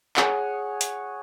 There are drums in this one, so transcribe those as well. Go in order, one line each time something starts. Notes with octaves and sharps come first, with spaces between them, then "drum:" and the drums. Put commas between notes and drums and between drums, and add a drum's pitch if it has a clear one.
G#4 C#5 F#5, drum: clap
drum: hi-hat